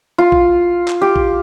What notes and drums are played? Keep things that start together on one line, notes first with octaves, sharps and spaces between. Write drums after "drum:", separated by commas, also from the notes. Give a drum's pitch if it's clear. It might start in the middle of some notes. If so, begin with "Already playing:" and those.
F4
drum: kick A#1
drum: clap
G4
drum: kick A#1